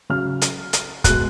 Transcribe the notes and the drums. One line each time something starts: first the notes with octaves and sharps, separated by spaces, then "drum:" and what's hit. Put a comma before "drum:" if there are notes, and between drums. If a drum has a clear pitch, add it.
C#3 F#3 F6
drum: hi-hat
drum: hi-hat
B2 G#3 F#6, drum: kick, hi-hat